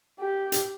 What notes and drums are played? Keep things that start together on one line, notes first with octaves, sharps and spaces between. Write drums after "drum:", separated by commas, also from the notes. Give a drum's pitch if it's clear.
G4
drum: hi-hat